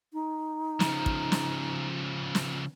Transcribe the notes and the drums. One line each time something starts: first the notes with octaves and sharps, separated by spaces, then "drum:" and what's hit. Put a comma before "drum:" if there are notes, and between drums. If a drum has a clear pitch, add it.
D#4
C#3 F3, drum: snare
drum: kick
drum: snare
drum: snare